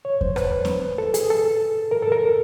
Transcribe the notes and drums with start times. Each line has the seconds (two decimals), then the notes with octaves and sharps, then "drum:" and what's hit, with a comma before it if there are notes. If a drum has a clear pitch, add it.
0.05 C#5
0.21 C5, drum: kick E2
0.36 B4, drum: rim click
0.65 drum: snare
0.98 A4
1.14 G#4, drum: hi-hat
1.30 A4
1.91 A#4
2.02 A4
2.12 A#4